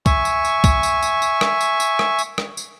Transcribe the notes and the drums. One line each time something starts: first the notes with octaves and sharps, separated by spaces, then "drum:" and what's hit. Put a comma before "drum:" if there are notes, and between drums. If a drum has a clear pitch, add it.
E5 G#5 C#6, drum: kick, tambourine
drum: tambourine
drum: tambourine
drum: kick, tambourine
drum: tambourine
drum: tambourine
drum: tambourine
drum: rim click
drum: tambourine
drum: tambourine
drum: rim click
drum: tambourine
drum: rim click
drum: tambourine